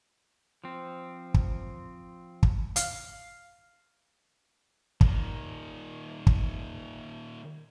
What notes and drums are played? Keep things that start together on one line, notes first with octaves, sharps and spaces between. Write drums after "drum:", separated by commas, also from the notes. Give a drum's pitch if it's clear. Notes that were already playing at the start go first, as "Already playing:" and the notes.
F3 C4
drum: kick
drum: kick
F5, drum: hi-hat
A#2 D#3, drum: kick
drum: kick